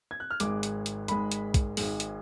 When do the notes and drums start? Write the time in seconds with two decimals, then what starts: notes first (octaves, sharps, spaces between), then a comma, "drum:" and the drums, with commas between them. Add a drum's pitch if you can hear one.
0.11 G#6
0.20 F#6
0.31 F6
0.40 G#1 G#2 G#3 D6, drum: hi-hat
0.63 drum: hi-hat
0.86 drum: hi-hat
1.08 G#1 G#2 G#3 B5, drum: hi-hat
1.32 drum: hi-hat
1.54 drum: kick, hi-hat
1.77 G#1 G#2 G#3, drum: open hi-hat
2.00 drum: hi-hat